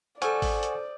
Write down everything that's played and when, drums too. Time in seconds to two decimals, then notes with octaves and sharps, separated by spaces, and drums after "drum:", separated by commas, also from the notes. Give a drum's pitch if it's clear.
0.22 A4 C5 D5 F#5 G#5 C#6 D#6 G6, drum: hi-hat
0.42 drum: kick G#1, open hi-hat
0.63 drum: hi-hat